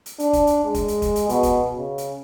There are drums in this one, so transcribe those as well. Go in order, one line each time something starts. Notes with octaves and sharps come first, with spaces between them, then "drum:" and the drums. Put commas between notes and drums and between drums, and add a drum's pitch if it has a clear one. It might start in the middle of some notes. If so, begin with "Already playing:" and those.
drum: hi-hat
D4, drum: hi-hat
drum: kick, hi-hat
drum: hi-hat
G#3
drum: kick, hi-hat
drum: hi-hat
drum: kick, hi-hat
drum: hi-hat
B2, drum: hi-hat
drum: kick, hi-hat
C#3
drum: hi-hat